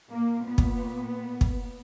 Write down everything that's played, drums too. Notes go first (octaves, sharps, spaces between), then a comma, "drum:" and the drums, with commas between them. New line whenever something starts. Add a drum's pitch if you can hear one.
A#2 A#3
B3
drum: kick
drum: kick